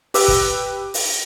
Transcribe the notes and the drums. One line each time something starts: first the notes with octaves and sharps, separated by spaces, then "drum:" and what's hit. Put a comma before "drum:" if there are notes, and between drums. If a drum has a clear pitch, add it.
G4 B4 D6 E6, drum: open hi-hat
drum: kick
drum: open hi-hat